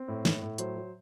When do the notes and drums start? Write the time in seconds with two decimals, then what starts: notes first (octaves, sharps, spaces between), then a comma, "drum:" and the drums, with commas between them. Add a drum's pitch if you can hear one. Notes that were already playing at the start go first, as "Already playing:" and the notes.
Already playing: C4
0.08 A2
0.25 A2, drum: snare
0.42 A2
0.58 F#3 C5, drum: hi-hat
0.76 F#3